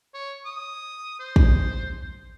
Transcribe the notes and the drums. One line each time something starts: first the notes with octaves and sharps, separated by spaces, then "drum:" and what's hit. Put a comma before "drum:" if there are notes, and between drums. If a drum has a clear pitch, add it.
C#5
D#6
C5
drum: kick